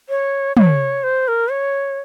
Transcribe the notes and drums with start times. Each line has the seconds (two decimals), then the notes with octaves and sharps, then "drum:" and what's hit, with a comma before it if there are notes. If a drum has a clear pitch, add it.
0.09 C#5
0.57 C#5, drum: tom
1.03 C5
1.28 A#4
1.51 C#5